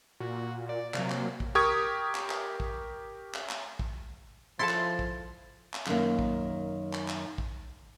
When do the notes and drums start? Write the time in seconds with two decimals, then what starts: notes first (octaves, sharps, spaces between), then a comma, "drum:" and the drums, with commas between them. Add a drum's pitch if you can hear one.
0.20 A#2 F#4
0.69 D5
0.94 C3 F#3 A#3, drum: clap
1.10 drum: clap
1.40 drum: kick
1.55 G4 A#4 C#6 D#6 G#6
2.15 drum: clap
2.30 drum: clap
2.60 drum: kick
3.35 drum: clap
3.50 drum: clap
3.79 drum: kick
4.59 F3 E4 A4 A5 C6 A6
4.69 drum: clap
4.99 drum: kick
5.74 drum: clap
5.87 F#2 D#3 A#3, drum: clap
6.19 drum: kick
6.93 drum: clap
7.08 drum: clap
7.38 drum: kick